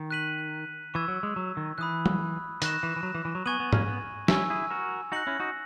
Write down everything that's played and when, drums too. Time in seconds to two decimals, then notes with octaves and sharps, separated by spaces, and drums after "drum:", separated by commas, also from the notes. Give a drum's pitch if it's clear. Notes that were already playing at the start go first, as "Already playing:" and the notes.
Already playing: D#3
0.11 F#6 B6 D#7 F#7
0.94 E3 C#6 E6 G#6
1.08 F#3
1.23 G#3
1.36 F#3
1.57 D#3
1.78 E3 B5 D#6 F#6
2.06 drum: tom
2.62 D#3 C#6 F#6 A#6 E7, drum: hi-hat
2.83 E3
2.96 E3
3.03 F#3
3.15 E3
3.25 E3
3.35 F#3
3.46 B3 G#5 C#6 G#6 D#7 F#7
3.60 B3
3.73 A#3 C#4, drum: tom
3.88 B3
4.28 C#4 E4 G#5 C#6 E6, drum: snare
4.50 E4 G#4
4.71 F#4 A#4
5.12 D#4 F#4 F#6 A#6 C#7 F#7
5.27 C#4 E4
5.40 D#4 F#4